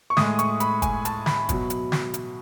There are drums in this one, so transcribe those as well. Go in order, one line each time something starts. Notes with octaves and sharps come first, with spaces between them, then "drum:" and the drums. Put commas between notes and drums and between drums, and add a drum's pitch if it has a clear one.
C#6
A2 G#3 D#6, drum: snare
C#6, drum: hi-hat
B5, drum: hi-hat
G#5, drum: kick, hi-hat
A5, drum: hi-hat
B5, drum: snare
B2 F#3, drum: kick, hi-hat
drum: hi-hat
drum: snare
drum: hi-hat